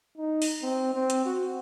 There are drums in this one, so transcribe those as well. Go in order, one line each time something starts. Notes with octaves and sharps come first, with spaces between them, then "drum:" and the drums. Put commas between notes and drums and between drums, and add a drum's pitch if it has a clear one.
D#4
drum: open hi-hat
C4
C4
drum: hi-hat
F#4